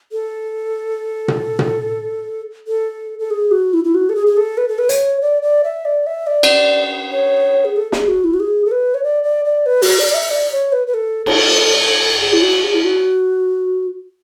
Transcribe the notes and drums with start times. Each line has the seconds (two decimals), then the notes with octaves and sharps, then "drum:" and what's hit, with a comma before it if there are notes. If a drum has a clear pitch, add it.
0.12 A4
1.28 drum: tom A#2
1.59 drum: tom A#2
2.68 A4
3.19 A4
3.31 G#4
3.51 F#4
3.74 E4
3.84 E4
3.95 F#4
4.09 A4
4.15 G#4
4.27 G#4
4.37 A4
4.58 B4
4.68 A4
4.79 B4
4.89 C#5, drum: hi-hat
5.21 D5
5.42 D5
5.64 E5
5.85 D5
6.07 E5
6.27 D5
6.43 drum: cymbal
7.12 C#5
7.65 G#4
7.76 A4
7.92 G#4, drum: snare
8.08 F#4
8.24 E4
8.34 F#4
8.40 G#4
8.65 A4
8.71 B4
8.94 C#5
9.04 D5
9.24 D5
9.45 D5
9.66 B4
9.82 F#4, drum: open hi-hat
9.99 D5
10.10 D5
10.14 E5
10.31 D5
10.52 C#5
10.72 B4
10.87 B4
10.94 A4
11.26 A4, drum: cymbal
12.21 G#4
12.33 E4
12.42 F#4
12.64 G#4
12.74 E4
12.85 F#4